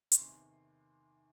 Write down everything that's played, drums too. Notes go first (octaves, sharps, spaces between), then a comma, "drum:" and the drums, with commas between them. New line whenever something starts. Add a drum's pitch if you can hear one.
C#6, drum: hi-hat
E2 C3 D#3 C6